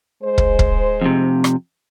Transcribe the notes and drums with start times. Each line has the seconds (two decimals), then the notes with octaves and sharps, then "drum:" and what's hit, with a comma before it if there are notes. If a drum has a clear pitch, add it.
0.23 G#3 C5
0.38 drum: kick
0.59 drum: kick
1.01 F2 C3
1.44 drum: rim click